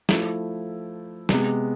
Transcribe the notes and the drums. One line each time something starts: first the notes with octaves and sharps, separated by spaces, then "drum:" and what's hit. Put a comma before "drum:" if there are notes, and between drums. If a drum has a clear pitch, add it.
F3 A3 E4, drum: snare
C3 G#3 B3, drum: snare